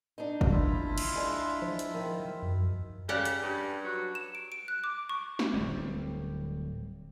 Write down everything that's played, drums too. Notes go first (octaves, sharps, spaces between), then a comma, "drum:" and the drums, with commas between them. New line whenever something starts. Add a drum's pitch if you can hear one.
D4 D#4
drum: kick
E4 F4 E5
drum: cymbal
G#3 D4
F3
drum: hi-hat
D#3
F#2
C#3 G4 D5 F#5
drum: hi-hat
G2
F#3
E7
D7
D7
F#6
D6
C#6
drum: snare
D1 G3 C4